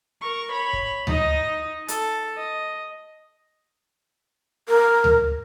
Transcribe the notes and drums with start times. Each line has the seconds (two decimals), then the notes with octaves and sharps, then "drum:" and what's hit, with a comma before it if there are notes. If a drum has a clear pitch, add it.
0.22 A#4 C#6
0.52 C#5 B5
0.73 drum: kick
1.07 D#4 D#5, drum: tom D2
1.88 A4, drum: hi-hat
2.37 D#5
4.69 A#4
5.04 drum: tom D2